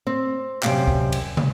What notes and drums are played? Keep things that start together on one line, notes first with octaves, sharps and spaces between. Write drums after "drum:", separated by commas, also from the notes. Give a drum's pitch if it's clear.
C4
F#2 C3 G3 B3 F5 G5, drum: clap
drum: kick
drum: cymbal
drum: tom